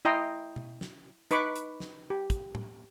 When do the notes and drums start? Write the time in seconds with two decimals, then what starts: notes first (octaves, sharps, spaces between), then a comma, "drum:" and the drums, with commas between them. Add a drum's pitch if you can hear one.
0.05 E4 D#5 G5 A#5 C6
0.56 drum: tom B2
0.81 drum: snare
1.31 D#4 B4 B5 C#6 D6, drum: hi-hat
1.56 drum: hi-hat
1.80 drum: snare
2.10 G4
2.30 drum: kick, hi-hat
2.55 drum: tom A2